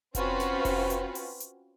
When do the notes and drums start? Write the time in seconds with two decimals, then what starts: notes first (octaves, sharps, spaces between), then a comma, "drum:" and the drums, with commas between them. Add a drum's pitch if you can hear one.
0.15 C4 C#4 F4 F#4 B4 C5, drum: kick F1, hi-hat
0.40 drum: snare
0.65 drum: kick F1, open hi-hat
0.90 drum: hi-hat
1.15 drum: open hi-hat
1.40 drum: hi-hat